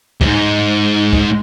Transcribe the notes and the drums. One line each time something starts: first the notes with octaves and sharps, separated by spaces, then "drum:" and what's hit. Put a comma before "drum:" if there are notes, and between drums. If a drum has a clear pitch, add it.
D#2 G#2, drum: kick C#2
drum: kick C#2